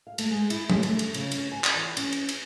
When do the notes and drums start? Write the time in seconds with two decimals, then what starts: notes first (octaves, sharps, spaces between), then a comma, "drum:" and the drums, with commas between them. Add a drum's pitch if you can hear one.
0.07 F5
0.18 A3, drum: cymbal
0.30 G#3
0.50 E4, drum: cymbal
0.70 A3, drum: tom F#3
0.83 A3, drum: cymbal
0.99 drum: cymbal
1.14 C#3, drum: cymbal
1.32 C#4, drum: cymbal
1.51 G#5
1.64 drum: clap
1.75 E3
1.97 C#4, drum: cymbal
2.12 drum: cymbal
2.29 drum: cymbal